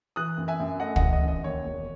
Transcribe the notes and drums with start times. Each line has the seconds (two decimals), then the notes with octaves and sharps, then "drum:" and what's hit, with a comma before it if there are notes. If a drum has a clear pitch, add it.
0.16 E3 D#6 F#6
0.38 F#2
0.48 E5 G#5
0.60 F#2
0.80 A3 D#5 F#5
0.96 D#5 F#5, drum: kick
1.02 E3
1.13 D#5
1.22 F#2
1.28 D#5
1.43 D#2 C#5
1.65 E1